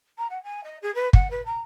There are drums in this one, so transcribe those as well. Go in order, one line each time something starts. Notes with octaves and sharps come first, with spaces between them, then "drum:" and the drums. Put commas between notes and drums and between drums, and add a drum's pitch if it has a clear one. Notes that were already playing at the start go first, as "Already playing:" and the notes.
A#5
F#5
G#5
D#5
G#4
B4
F#5, drum: kick
B4
A#5